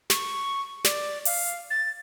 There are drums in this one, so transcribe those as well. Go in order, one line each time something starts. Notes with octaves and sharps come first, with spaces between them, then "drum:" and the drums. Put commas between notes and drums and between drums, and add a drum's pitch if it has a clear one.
C#6, drum: snare
D5, drum: snare
F5, drum: open hi-hat
A6